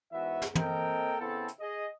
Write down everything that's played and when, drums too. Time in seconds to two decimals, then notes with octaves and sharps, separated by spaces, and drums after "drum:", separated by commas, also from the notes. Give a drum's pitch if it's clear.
0.13 G#2 E3 B3 F#4 E5
0.42 drum: snare
0.55 A#3 C4 A4 A#4 D#5 G5, drum: tom
1.20 C#3 B3 C4 E4 A4
1.48 drum: hi-hat
1.60 G#4 D#5